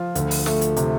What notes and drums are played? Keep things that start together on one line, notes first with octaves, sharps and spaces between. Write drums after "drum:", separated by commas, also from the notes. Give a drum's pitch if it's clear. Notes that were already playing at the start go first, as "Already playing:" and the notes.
Already playing: F3 F4
D2, drum: hi-hat
drum: open hi-hat
A3, drum: snare
drum: hi-hat
C3, drum: hi-hat